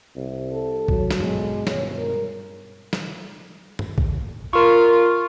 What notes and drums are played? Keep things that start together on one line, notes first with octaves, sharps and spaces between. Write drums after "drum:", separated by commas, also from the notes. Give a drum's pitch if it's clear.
C2
A4
F#3, drum: kick
drum: snare
G2 B2 G#3
D#1 C#5, drum: snare
A#4
drum: snare
drum: tom G2
drum: kick
F4 A#4 C#6